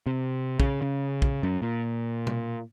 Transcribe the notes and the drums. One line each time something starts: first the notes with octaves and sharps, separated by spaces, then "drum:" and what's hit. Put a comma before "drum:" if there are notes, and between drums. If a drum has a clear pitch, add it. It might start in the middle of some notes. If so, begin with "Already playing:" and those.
C3
C#3, drum: kick
C#3
drum: kick
F#2
A#2
drum: tom